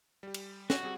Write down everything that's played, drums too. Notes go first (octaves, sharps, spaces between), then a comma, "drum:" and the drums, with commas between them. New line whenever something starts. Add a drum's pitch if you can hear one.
G3 G4
drum: cymbal
F#4, drum: snare
G3 C4 G#4